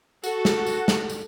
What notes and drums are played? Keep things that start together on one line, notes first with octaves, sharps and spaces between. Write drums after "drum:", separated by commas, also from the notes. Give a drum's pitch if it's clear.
F#4 A4, drum: tambourine
drum: snare
drum: tambourine
drum: snare
drum: tambourine